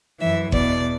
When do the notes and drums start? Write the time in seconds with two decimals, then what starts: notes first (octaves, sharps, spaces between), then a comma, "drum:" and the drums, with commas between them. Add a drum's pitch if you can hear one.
0.20 F#2 E3 E5
0.52 E2 B2 D5, drum: kick F#1